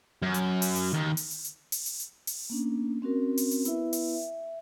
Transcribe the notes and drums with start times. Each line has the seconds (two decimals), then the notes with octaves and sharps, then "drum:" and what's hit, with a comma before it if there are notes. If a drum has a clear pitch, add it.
0.22 F#2
0.34 drum: hi-hat
0.62 drum: open hi-hat
0.76 drum: hi-hat
0.94 D#2
1.17 drum: open hi-hat
1.31 drum: hi-hat
1.44 drum: hi-hat
1.72 drum: open hi-hat
1.86 drum: hi-hat
2.00 drum: hi-hat
2.27 drum: open hi-hat
2.50 A#3 B3 C#4 D4
3.02 C4 C#4 F#4 A#4
3.37 drum: open hi-hat
3.51 drum: hi-hat
3.65 B3 E4 B4 E5, drum: hi-hat
3.93 drum: open hi-hat
4.15 E5